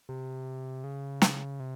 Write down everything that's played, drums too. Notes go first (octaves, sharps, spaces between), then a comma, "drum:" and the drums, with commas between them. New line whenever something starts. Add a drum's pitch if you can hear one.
C3
C#3
drum: snare
C3